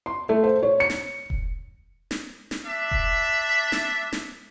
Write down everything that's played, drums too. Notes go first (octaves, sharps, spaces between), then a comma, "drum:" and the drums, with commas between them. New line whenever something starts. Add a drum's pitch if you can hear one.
C6
A3
C5
C#5
C#7
drum: snare
drum: kick E1
drum: snare
drum: snare
D4 E5
drum: kick E1
drum: snare
drum: snare